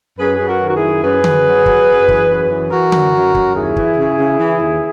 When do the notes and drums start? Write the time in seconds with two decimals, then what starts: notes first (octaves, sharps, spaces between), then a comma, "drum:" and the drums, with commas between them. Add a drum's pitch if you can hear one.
0.19 F#2 G#4 B4
0.35 F#2 G#4
0.47 F#4 A#4
0.62 D#3
0.68 F#4
0.75 E4 G#4
0.82 F#2
1.03 F#2 G#4 B4
1.24 F#2, drum: tom D3
1.45 F#3
1.66 F#3, drum: kick
1.87 F#2
2.08 E3, drum: kick
2.29 F#2
2.50 E3
2.71 E3 F#4 A#4
2.92 F#2, drum: tom D3
3.13 F#2
3.35 F#2, drum: kick
3.55 D#2 E4 G#4
3.76 E3, drum: kick
3.98 C#3
4.19 C#3
4.40 E3
4.61 D#2